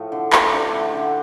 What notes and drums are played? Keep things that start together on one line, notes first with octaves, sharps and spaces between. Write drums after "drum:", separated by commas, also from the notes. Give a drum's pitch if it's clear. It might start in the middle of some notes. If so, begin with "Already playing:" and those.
Already playing: A2 F3 A3
D3
A3, drum: clap
A3 D4 G4
D3
D3